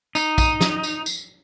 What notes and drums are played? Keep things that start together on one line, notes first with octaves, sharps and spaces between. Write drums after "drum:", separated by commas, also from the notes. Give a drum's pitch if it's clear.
D#4, drum: tambourine
drum: kick A#1, tambourine
drum: snare
drum: tambourine
drum: tambourine